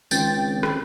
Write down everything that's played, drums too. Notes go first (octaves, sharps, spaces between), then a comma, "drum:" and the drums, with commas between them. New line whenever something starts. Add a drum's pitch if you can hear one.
C#2 D#3 C4 G5 A6, drum: tambourine
drum: rim click